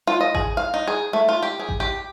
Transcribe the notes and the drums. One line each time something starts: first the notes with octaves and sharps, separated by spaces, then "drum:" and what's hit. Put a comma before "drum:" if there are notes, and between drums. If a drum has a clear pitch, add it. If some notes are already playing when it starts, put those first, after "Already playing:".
F4
D#5
G#4, drum: kick A1
F5
D#4
G#4
A3
F4
G4
G#4
drum: kick A1
G4